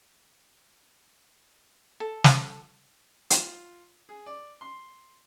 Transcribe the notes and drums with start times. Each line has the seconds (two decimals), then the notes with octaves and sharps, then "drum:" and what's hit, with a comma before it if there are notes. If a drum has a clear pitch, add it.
2.00 A4
2.24 drum: snare
3.30 F4, drum: hi-hat
4.09 G#4
4.26 D5
4.61 C6